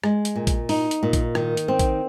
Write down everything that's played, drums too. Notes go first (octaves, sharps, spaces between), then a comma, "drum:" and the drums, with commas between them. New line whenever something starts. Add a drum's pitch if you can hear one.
G#3, drum: rim click
drum: hi-hat
A#2
drum: kick, hi-hat
D#4, drum: open hi-hat
drum: hi-hat
A#2
drum: kick, hi-hat
D#3, drum: rim click
drum: hi-hat
C4
drum: kick, hi-hat